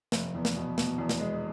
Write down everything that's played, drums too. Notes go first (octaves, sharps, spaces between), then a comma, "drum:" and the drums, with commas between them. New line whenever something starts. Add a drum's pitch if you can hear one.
F1, drum: snare
E2
drum: snare
B2
B2, drum: snare
E2
drum: snare
G#3